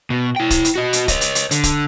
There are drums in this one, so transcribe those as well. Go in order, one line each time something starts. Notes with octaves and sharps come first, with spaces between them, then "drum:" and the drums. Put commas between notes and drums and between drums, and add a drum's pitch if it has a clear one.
B2
E4 G5
drum: kick, hi-hat
drum: hi-hat
F#4 D#5
drum: hi-hat
C#5 D#5, drum: kick, hi-hat
drum: hi-hat
drum: hi-hat
D3, drum: hi-hat
drum: kick, hi-hat